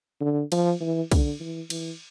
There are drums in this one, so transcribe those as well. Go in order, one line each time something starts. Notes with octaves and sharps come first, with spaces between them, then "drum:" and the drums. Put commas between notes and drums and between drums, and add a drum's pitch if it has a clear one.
D3
F3, drum: cymbal
E3
D3, drum: kick, cymbal
E3
E3, drum: cymbal